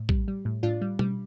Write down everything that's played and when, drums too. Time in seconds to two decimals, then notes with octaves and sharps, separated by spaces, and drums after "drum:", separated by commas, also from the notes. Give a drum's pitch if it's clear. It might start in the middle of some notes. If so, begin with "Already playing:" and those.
Already playing: A2
0.09 G3, drum: kick
0.28 G3
0.45 A2
0.63 A2 D4 F4
0.81 G3
0.99 G3, drum: tom B2